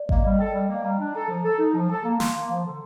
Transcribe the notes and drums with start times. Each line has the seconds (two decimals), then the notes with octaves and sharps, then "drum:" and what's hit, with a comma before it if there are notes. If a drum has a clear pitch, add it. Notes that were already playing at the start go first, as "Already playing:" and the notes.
Already playing: D5
0.09 A#3 D#5, drum: kick G#1
0.24 G3 D#5
0.39 A4 G5
0.54 G3 A5
0.69 A#3
0.84 G3 A#5
0.99 D4
1.15 A4 A#5
1.29 F3
1.34 A#5
1.45 A4
1.54 D#4 A#5
1.74 F3 A5
1.89 A4 A5
2.04 A#3 A#5
2.20 A#3 C6, drum: snare
2.35 A#3
2.50 F3
2.65 D3